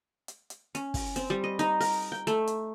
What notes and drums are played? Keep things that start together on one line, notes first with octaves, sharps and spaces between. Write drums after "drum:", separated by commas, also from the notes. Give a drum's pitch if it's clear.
drum: hi-hat
drum: hi-hat
C#4, drum: hi-hat
drum: kick, open hi-hat
C4, drum: hi-hat
G3
D#5
D#4, drum: hi-hat
A#4, drum: open hi-hat
G5
A3, drum: hi-hat
drum: hi-hat